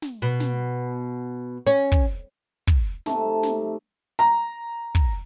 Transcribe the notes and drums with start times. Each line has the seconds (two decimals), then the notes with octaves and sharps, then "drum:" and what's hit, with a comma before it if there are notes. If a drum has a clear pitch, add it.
0.02 drum: snare
0.22 B2
0.40 drum: snare
1.67 C#4
1.92 drum: kick
2.67 drum: kick
3.06 C3 A3 D#4 A5, drum: snare
3.43 drum: snare
4.19 A#5
4.95 drum: kick